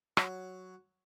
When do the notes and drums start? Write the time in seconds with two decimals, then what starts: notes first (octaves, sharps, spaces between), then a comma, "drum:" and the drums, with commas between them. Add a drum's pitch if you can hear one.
0.17 F#3, drum: rim click